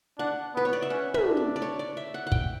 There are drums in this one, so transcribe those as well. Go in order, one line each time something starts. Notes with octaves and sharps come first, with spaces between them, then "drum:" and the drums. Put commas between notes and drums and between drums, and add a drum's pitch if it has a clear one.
D4 F#5
B3 B4
C#5
D5
E5
C#4 F#5
E5, drum: tom
D4
D5
D5
C#5
D5
E5
F#5
F#5
G5, drum: kick